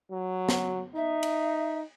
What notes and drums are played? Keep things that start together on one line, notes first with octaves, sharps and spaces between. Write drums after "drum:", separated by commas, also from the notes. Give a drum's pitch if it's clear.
F#3
drum: snare
D#4 E5
drum: cymbal